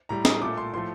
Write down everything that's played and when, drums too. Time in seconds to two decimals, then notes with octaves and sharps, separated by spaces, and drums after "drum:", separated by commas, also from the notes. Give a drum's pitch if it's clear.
0.09 A2 G3 A#5
0.25 D#6, drum: snare
0.42 A#2 A3 D6
0.57 C6
0.73 A2 F3 A3 C6